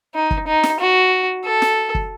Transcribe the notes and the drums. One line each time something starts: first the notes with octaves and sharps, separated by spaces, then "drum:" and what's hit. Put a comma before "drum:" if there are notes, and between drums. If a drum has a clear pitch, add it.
D#4
drum: kick
D#4
drum: snare
F#4
A4
drum: snare
drum: kick